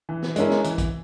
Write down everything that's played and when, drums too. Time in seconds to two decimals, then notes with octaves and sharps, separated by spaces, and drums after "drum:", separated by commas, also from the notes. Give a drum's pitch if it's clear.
0.09 E3
0.22 drum: snare
0.36 G#3 C#4 E4 A#4, drum: hi-hat
0.50 drum: snare
0.64 E3, drum: hi-hat
0.78 drum: kick, hi-hat